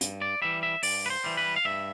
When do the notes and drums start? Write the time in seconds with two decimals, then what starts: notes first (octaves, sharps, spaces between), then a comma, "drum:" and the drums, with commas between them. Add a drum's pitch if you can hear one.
0.01 G2, drum: hi-hat
0.22 D5
0.42 E3 G3 E5
0.63 E5
0.83 G2 D5, drum: open hi-hat
1.06 B4
1.10 C5
1.24 E3 G3
1.37 B4
1.56 F5
1.65 G2 E5